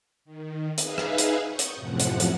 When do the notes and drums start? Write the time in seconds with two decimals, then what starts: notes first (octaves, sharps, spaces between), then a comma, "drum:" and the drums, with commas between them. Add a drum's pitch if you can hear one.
0.25 D#3
0.78 D#4 G#4 B4 E5 F5, drum: hi-hat
0.98 drum: rim click
1.18 drum: hi-hat
1.46 C#6 D#6 G6
1.59 drum: hi-hat
1.75 F#2 A2 C3 F3 F#5
1.99 drum: hi-hat
2.20 drum: hi-hat